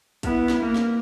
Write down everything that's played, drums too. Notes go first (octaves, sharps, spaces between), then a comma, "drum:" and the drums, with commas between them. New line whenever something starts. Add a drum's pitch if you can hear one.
B3 E4, drum: kick, hi-hat
drum: snare
A#3
drum: snare